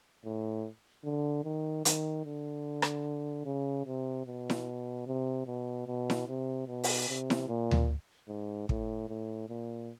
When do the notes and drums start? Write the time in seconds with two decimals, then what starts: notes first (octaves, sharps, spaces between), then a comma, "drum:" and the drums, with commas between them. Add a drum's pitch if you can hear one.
0.25 A2
1.05 D3
1.44 D#3
1.85 D#3, drum: hi-hat
2.25 D3
2.82 drum: rim click
3.46 C#3
3.86 C3
4.27 B2
4.50 drum: snare E4
5.07 C3
5.47 B2
5.87 B2
6.10 drum: snare E4
6.28 C3
6.67 B2
6.84 drum: open hi-hat
7.08 C3
7.30 drum: snare E4
7.48 A#2
7.71 drum: tom D2
8.28 G#2
8.69 A2, drum: kick
9.09 A2
9.49 A#2